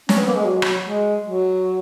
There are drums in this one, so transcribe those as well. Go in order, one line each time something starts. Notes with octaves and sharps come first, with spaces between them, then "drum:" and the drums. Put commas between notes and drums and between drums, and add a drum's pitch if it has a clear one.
C#4, drum: snare
B3
A#3
G#3
F#3
drum: rim click
G#3
F#3